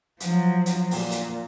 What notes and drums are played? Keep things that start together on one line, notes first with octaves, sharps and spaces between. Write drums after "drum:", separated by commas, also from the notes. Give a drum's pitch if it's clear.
F3 F#3, drum: hi-hat
drum: hi-hat
A#2, drum: open hi-hat
drum: hi-hat